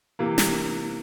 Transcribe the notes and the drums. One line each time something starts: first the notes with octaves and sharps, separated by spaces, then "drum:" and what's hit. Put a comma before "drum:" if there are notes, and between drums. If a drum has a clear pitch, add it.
C3 E3 A#3
drum: snare